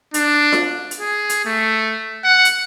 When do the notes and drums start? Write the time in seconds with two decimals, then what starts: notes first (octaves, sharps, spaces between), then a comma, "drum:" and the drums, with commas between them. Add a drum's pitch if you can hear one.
0.14 D4, drum: hi-hat
0.52 drum: snare F4
0.91 drum: hi-hat
1.00 G#4
1.29 drum: hi-hat
1.45 A3
2.24 F#5
2.45 drum: hi-hat